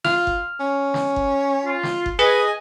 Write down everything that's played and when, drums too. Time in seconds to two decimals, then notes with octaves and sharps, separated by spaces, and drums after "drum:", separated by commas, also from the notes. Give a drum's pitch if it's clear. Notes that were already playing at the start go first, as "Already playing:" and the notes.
0.05 F4 F6, drum: snare
0.27 drum: kick F#1
0.60 C#4
0.94 drum: snare
1.16 drum: kick F#1
1.65 F4
1.83 drum: snare
2.06 drum: kick F#1
2.19 G#4 B4 D#5 G#5